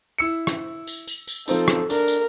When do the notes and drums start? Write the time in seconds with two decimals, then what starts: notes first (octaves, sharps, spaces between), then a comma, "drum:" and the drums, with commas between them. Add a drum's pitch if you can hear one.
0.18 E4 E6 C#7
0.47 drum: rim click
0.87 drum: tambourine
1.07 drum: tambourine
1.28 drum: tambourine
1.48 F3 C4 D#4 A4, drum: tambourine
1.68 drum: rim click
1.90 D4 A#4, drum: tambourine
2.08 drum: tambourine